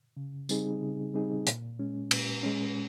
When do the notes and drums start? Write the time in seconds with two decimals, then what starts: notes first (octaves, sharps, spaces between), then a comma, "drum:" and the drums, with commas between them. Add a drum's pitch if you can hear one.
0.17 C#3
0.49 G3 C4 D#4 G#4, drum: tambourine
0.82 C#3
1.14 G3 C4 D#4 G#4
1.47 A#2, drum: hi-hat
1.79 G#3 C#4
2.11 A#2, drum: cymbal
2.43 G#3 C#4